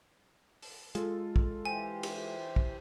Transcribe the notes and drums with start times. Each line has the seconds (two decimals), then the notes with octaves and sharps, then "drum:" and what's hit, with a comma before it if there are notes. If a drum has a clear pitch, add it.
0.62 drum: open hi-hat
0.95 G#3 F4 A4, drum: hi-hat
1.36 drum: kick
1.65 E3 G4 C5 G#5
2.03 drum: cymbal
2.56 drum: kick